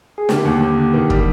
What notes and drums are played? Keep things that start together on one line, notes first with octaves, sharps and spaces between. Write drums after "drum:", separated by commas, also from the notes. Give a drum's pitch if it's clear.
G#4
D3 G4, drum: snare
D#2
D#2
D3
D#3
G3, drum: kick